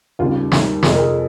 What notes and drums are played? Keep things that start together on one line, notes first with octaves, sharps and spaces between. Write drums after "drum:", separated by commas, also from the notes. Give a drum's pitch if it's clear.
D#2 C#3 G3 F4
G4
D#2 D#3 G3, drum: snare
F2 C3 F3 G#4, drum: snare
A#4
G#4